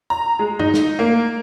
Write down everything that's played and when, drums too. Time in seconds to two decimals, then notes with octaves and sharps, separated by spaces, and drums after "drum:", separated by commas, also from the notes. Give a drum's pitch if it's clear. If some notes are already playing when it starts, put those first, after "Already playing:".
0.10 A#5
0.39 G#3
0.59 D#4, drum: tom
0.74 drum: snare
0.99 A#3